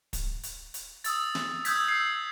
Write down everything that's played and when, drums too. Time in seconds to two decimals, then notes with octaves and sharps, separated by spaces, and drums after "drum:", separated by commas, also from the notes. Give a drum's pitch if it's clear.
0.13 drum: kick, hi-hat
0.43 drum: hi-hat
0.74 drum: hi-hat
1.04 D#6 E6 A6, drum: hi-hat
1.35 drum: snare
1.65 D#6 E6 G6 G#6 B6, drum: hi-hat
1.88 E6 G#6 C7